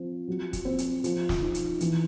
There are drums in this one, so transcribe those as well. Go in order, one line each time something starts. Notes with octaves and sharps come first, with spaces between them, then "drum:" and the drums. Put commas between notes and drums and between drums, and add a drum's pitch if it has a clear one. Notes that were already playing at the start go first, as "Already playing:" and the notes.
Already playing: F3 C4
F#3
drum: kick, hi-hat
C4
drum: hi-hat
F3, drum: hi-hat
drum: snare
D#4
drum: hi-hat
E3, drum: hi-hat